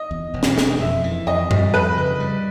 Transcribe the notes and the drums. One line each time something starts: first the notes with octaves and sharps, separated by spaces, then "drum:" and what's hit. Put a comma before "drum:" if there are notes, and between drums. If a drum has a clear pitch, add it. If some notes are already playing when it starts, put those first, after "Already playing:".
Already playing: D#5
E2
E1
drum: snare
E1, drum: snare
F2 E5
E3
F2 D#5
G3, drum: tom G2
F2 B4
C#3
G3